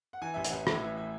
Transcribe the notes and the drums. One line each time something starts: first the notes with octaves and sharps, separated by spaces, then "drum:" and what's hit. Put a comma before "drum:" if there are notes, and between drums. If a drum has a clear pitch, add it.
F#5
E3 G#5
A1 E5
F#5, drum: hi-hat
A1
A2 E5, drum: rim click
E3 E5
E5